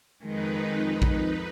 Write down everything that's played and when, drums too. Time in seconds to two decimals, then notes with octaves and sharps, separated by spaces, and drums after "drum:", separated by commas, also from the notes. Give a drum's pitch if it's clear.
0.24 F2 D#3 G#3 D#4 B4
1.02 drum: kick A#1